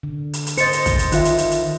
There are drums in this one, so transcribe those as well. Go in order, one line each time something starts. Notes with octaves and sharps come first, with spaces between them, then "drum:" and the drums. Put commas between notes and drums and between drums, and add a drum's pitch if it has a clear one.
D3
drum: hi-hat
drum: hi-hat
C5 D#5 A6 C#7, drum: hi-hat
drum: hi-hat
drum: kick, hi-hat
drum: hi-hat
D#3 F4 E5 F#6, drum: hi-hat
drum: hi-hat
drum: hi-hat
drum: hi-hat